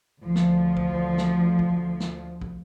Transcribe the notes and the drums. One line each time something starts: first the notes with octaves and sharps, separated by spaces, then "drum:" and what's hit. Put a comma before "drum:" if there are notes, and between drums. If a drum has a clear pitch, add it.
D2 F3
drum: snare
drum: kick
drum: snare
drum: kick
drum: snare
drum: kick